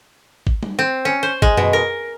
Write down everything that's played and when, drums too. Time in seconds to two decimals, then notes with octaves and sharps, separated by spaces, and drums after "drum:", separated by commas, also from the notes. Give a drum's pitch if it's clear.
0.47 drum: kick G#1
0.63 drum: tom
0.79 C4
1.05 C#4
1.23 C5
1.42 G#3, drum: kick G#1
1.57 B2, drum: tom F#2
1.73 A#4